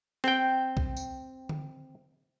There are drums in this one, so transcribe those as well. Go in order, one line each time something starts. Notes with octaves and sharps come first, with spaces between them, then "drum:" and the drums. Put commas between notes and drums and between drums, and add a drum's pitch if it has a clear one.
C4 G5, drum: snare
drum: kick
drum: tambourine
drum: tom D3